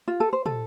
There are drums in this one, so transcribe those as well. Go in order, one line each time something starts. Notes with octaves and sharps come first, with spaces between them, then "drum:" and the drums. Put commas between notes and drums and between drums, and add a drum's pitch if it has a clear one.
F4
A4
C5
A4, drum: tom